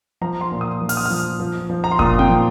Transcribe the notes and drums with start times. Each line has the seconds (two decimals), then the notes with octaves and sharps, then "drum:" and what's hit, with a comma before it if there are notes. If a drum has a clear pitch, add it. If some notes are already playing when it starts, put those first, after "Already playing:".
0.21 F3 A#5
0.41 C6
0.52 A#2
0.61 D#6
0.81 F3
0.89 F6, drum: open hi-hat
0.97 D#6
1.06 F3 F6
1.40 F3
1.70 F3
1.84 A#5
1.91 C6
1.99 A#2 D#6, drum: kick F#1
2.19 G5, drum: tom C4
2.29 F3